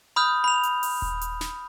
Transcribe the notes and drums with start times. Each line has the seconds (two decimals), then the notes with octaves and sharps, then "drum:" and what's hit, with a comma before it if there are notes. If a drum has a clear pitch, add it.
0.16 B5 D#6 F6 G6
0.44 B5 F7
0.63 drum: hi-hat
0.83 drum: open hi-hat
1.02 drum: kick D#1
1.21 drum: hi-hat
1.41 drum: snare